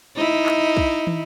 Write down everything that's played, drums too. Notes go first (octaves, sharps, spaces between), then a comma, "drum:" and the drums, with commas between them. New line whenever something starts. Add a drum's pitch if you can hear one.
D#4 E4
drum: clap
drum: kick
drum: tom